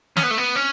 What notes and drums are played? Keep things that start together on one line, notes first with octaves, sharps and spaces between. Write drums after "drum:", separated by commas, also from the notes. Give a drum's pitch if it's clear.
C#4, drum: snare
B3
A3
B3
C#4